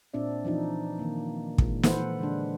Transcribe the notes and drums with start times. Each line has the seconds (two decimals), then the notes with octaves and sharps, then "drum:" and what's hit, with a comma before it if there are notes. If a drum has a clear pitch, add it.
0.14 A#2 C4 D4 D5 E5
0.44 E3 F3 D4 D#4
0.99 D#3 A#3
1.58 A#2 G#3, drum: kick
1.83 E3 F3 A4 B4 C5 F#5, drum: snare
2.19 D3 G#3 D4